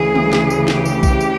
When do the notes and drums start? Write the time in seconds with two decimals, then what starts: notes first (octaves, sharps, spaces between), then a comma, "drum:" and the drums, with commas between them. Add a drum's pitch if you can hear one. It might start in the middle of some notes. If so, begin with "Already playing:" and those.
Already playing: D2 C#3 E3 G#4
0.15 drum: tom
0.33 drum: snare
0.50 drum: tambourine
0.68 G4, drum: snare
0.85 drum: tambourine
1.03 drum: kick B1, tambourine
1.20 drum: tambourine